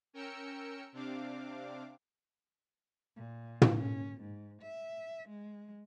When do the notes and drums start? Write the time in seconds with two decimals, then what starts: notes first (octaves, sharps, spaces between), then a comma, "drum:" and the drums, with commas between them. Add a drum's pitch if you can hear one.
0.13 C#4 A#4 G5 E6 C#7
0.92 C3 C4 D4 F5 D6
3.16 A#2
3.62 drum: tom
3.75 C#4
4.21 G#2
4.62 E5
5.28 G#3